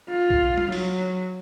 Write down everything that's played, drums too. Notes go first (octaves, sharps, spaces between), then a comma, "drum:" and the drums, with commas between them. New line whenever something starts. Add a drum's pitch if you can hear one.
F4
drum: kick A#1
drum: tom G3
F#3, drum: open hi-hat